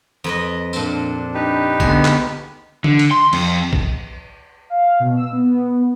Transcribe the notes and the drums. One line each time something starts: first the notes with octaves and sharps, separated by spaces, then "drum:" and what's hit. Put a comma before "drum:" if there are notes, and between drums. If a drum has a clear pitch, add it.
F2 B4 D#5
A#2 C4 D4, drum: tambourine
D#4 G4 B4
D3 G#3 B3 G#4, drum: kick
drum: clap
D3, drum: tom
drum: cymbal
C6
F2, drum: cymbal
drum: kick
F5
B2
E6
B3